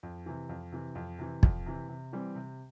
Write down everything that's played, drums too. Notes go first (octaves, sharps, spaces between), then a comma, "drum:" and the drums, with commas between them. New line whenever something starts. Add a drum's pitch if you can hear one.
F2
C3 E3
F2
C3 E3
F2
C3 E3
F2, drum: kick
C3 E3
C3
E3 G3 C4
C3